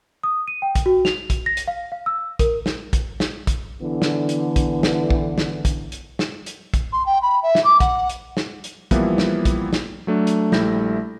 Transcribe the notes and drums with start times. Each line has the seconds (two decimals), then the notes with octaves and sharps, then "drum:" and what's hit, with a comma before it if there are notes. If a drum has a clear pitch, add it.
0.23 D#6
0.48 D#7
0.62 G5
0.75 drum: kick, hi-hat
0.86 F#4
1.05 F7, drum: snare
1.30 drum: kick, hi-hat
1.46 A#6
1.57 drum: hi-hat
1.68 F5
1.92 F5
2.06 E6
2.39 A#4, drum: kick, hi-hat
2.66 drum: snare
2.93 drum: kick, hi-hat
3.20 drum: snare
3.47 drum: kick, hi-hat
3.82 D3 E3 B3
4.02 drum: snare
4.29 drum: hi-hat
4.56 drum: kick, hi-hat
4.83 drum: snare
5.10 drum: kick
5.38 drum: snare
5.65 drum: kick, hi-hat
5.92 drum: hi-hat
6.19 drum: snare
6.46 drum: hi-hat
6.74 drum: kick, hi-hat
6.93 C6
7.06 G5
7.22 B5
7.43 E5
7.55 drum: snare
7.64 D6
7.80 F#5, drum: kick, hi-hat
8.10 drum: hi-hat
8.37 drum: snare
8.64 drum: hi-hat
8.91 E3 F3 G3 A#3 B3 E4, drum: kick, hi-hat
9.18 drum: snare
9.45 drum: kick, hi-hat
9.73 drum: snare
10.07 F#3 A3 D4
10.27 drum: hi-hat
10.52 A#1 G3 A3 E4 G6 A#6, drum: snare